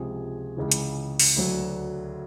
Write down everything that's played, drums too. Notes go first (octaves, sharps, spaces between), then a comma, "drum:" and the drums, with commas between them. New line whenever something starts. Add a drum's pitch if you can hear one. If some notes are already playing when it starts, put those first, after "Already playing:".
Already playing: C#2 C3 F3 G#4
C#2 C#3 E3
drum: hi-hat
drum: open hi-hat
D2 D3 F#3